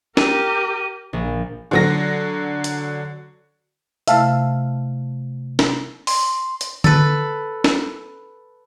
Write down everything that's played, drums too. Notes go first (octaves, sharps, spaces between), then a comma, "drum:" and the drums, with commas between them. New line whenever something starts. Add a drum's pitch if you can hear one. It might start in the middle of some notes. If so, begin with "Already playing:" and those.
G4 A#4 D#7, drum: snare
A#1
D3 F#3 A#6
drum: hi-hat
C3 A3 E4 E5 F5 A5, drum: hi-hat
drum: snare
C6, drum: open hi-hat
drum: hi-hat
A4 B4, drum: tom D3
drum: snare